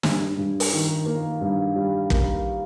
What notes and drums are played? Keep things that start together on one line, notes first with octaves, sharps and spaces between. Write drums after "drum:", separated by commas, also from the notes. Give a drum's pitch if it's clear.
G2, drum: snare
G2
drum: open hi-hat
D#3
A#3
G2
G3
A#3, drum: kick